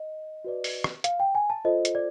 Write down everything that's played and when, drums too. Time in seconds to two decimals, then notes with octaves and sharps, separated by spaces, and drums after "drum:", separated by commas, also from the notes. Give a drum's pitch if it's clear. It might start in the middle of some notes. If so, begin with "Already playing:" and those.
Already playing: D#5
0.44 F#4 B4 D5
0.64 drum: open hi-hat
0.84 drum: rim click
1.04 F5, drum: hi-hat
1.20 G5
1.35 G#5
1.50 A5
1.65 F4 A4 C5 D#5
1.85 drum: hi-hat
1.95 D5